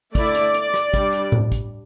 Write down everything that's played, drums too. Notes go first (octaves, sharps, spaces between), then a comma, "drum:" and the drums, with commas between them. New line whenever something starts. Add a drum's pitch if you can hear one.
D3 A3 E4 D5, drum: kick, hi-hat
drum: hi-hat
drum: hi-hat
drum: rim click
G3 D4, drum: kick, hi-hat
drum: hi-hat
drum: tom A2
drum: kick, hi-hat